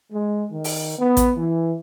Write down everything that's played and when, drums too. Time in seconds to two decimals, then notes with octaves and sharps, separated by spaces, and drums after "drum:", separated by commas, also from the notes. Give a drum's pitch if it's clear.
0.12 G#3
0.51 D#3
0.64 drum: open hi-hat
0.98 B3
1.17 drum: kick, hi-hat
1.37 E3